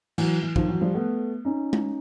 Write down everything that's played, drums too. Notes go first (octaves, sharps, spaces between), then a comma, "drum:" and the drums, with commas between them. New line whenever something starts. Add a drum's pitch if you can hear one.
E3 F#3, drum: cymbal
E3
D#3 F3, drum: kick
E3 F#3
F3 G3
A3 B3
C#4 D#4
drum: tom G#3